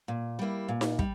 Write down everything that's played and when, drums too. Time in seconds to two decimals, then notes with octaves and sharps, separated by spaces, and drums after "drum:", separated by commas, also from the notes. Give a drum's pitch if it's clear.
0.08 A#2
0.39 G3 A#3 E4
0.68 A#2
0.81 drum: snare D#4
0.99 G3, drum: kick